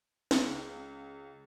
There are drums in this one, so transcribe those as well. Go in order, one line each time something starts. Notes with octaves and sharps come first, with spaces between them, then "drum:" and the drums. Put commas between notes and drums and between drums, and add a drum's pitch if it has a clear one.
C#2, drum: snare